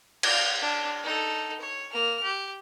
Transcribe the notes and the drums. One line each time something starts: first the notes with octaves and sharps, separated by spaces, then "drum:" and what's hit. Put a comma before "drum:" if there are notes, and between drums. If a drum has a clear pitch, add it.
D5 F5, drum: cymbal
D4
D#4 A4
C#5
A#3 F6
G4